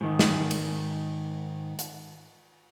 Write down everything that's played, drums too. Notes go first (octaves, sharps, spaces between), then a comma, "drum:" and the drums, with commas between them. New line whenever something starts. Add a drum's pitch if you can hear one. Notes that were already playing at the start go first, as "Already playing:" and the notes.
G#2 D#3
drum: snare
drum: cymbal
drum: hi-hat